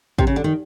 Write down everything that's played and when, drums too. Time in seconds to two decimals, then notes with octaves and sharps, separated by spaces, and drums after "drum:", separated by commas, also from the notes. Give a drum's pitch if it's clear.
0.18 C3, drum: kick
0.27 C#3
0.36 D3
0.44 D#3